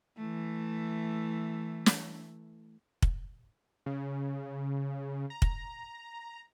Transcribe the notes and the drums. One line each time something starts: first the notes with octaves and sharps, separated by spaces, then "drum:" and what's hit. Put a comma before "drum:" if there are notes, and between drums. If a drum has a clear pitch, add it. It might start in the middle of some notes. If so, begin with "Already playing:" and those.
E3 A3
drum: snare
drum: kick
C#3
A#5
drum: kick